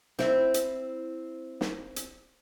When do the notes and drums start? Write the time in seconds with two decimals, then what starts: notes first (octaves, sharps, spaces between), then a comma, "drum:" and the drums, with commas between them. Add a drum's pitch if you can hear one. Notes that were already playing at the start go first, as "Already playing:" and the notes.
0.19 C4 E4, drum: snare
0.54 drum: hi-hat
1.61 drum: snare
1.96 drum: hi-hat